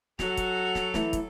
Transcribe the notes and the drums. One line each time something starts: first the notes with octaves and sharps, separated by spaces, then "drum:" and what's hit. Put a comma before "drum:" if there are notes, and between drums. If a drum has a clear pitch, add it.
F#3 F#4 A4 F7, drum: snare
drum: kick, hi-hat
drum: snare
E3 A3 E4, drum: snare
drum: kick, hi-hat